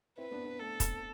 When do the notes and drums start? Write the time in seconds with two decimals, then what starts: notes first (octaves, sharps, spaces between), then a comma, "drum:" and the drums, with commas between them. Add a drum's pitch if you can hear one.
0.18 C4 E4 B4
0.31 B3 D4
0.45 B3 D4
0.59 A3 C4 A4
0.80 drum: kick, hi-hat